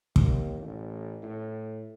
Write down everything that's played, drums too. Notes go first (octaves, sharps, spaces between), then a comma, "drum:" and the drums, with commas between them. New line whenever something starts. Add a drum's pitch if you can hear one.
D#2, drum: kick
A1
A2